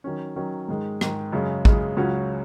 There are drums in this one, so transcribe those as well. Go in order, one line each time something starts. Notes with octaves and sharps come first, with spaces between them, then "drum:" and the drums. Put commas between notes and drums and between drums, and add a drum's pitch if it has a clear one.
D#3 F#3 C#4
D#3 F#3 C#4
G#2 D#3 G#3
G#2 D#3 G#3, drum: rim click
F#2 C#3 G#3
F#2 C#3 G#3, drum: kick
C#2 C#3 F#3 C#4 F#4